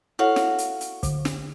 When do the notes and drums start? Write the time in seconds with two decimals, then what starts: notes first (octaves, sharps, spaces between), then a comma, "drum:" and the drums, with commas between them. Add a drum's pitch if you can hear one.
0.19 E4 F#4 A4 C#5 F5
0.36 drum: snare
0.58 drum: hi-hat
0.81 drum: hi-hat
1.03 D3, drum: kick, hi-hat
1.25 drum: snare